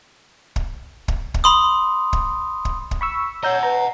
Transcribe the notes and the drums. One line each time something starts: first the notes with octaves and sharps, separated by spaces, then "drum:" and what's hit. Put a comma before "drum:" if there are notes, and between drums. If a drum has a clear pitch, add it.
drum: kick
drum: kick
drum: kick
B5 C6 D#6
drum: kick
drum: kick
drum: kick
B5 C#6 E6
C#5 D#5 F#5 A#5 E6 G6
B4 A#5